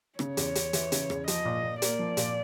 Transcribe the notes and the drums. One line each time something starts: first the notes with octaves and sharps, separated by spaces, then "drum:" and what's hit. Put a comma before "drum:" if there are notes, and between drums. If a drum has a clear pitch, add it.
C#3 C#5, drum: rim click
E2, drum: hi-hat
E2, drum: hi-hat
E3, drum: hi-hat
C#3, drum: hi-hat
E2, drum: rim click
F3 D#5, drum: hi-hat
A#2
A#2
A#3 D5, drum: hi-hat
F3
A#2, drum: hi-hat